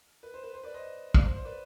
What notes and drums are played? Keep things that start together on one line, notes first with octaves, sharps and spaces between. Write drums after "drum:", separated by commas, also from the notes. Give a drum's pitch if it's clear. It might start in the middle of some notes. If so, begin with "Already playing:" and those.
B4
C5
B4
C5
B4 D5
C5 D#5
D5 F5, drum: kick
C5
C5
B4 D5